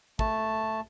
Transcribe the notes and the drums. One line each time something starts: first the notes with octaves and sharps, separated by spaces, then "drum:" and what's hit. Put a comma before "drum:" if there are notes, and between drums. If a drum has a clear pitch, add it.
A3 A5, drum: kick